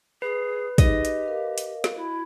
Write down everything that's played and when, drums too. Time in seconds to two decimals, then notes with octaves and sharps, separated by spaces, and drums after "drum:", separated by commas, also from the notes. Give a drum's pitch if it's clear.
0.22 G#4 B4
0.78 D#4 G4 G#4 D#5, drum: kick, hi-hat
1.05 drum: hi-hat
1.26 A#4 F5
1.58 drum: hi-hat
1.84 drum: snare
1.95 E4 F#4